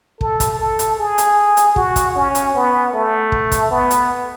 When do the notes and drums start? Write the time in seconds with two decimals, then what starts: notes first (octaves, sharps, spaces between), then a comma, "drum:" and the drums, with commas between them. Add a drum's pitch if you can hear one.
0.21 A4, drum: kick
0.40 drum: kick, hi-hat
0.59 A4
0.79 drum: hi-hat
0.99 G#4
1.18 drum: hi-hat
1.57 drum: hi-hat
1.76 F#4, drum: kick
1.96 drum: kick, hi-hat
2.15 C#4
2.35 drum: hi-hat
2.55 B3
2.93 A3
3.32 drum: kick
3.52 drum: kick, hi-hat
3.70 B3
3.91 drum: hi-hat